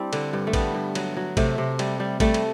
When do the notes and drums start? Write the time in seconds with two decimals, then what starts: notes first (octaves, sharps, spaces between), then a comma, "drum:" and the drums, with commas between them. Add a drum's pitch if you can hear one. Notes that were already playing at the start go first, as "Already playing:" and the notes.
Already playing: G3 C4 D4 E4
0.13 D3, drum: cymbal
0.33 G2
0.47 A3
0.53 G3 B3, drum: kick A1, cymbal
0.75 G2
0.95 F#3, drum: cymbal
1.17 F#3
1.37 C3 A3, drum: kick A1, cymbal
1.58 C3
1.79 G3, drum: cymbal
2.00 G3
2.20 G3 A3, drum: kick A1, cymbal
2.34 drum: cymbal